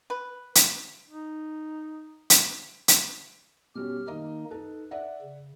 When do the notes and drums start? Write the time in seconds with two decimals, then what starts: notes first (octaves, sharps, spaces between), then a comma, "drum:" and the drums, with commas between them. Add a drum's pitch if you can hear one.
0.10 B4
0.55 drum: hi-hat
1.10 D#4
2.30 drum: hi-hat
2.88 drum: hi-hat
3.75 B2 G3 C#4 G4 F6
4.08 D#3 A#3 D#4 D#5
4.51 D#4 A4 B4
4.91 D5 E5 F#5
5.22 C#3